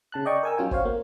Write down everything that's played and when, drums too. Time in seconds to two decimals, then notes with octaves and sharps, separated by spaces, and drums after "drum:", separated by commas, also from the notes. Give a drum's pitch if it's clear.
0.12 C#3 A5 F#6
0.25 D5 D#5 G5 C#6
0.43 A#4 G#5 E6
0.57 F#3 C#4 F4 G5 G#5
0.71 F#4 C5 C#5 F5, drum: kick
0.85 A#3